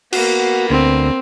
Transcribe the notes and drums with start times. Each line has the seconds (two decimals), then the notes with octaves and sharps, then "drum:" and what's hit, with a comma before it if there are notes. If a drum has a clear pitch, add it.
0.13 A#3 B3 F#4, drum: cymbal
0.70 D2 C4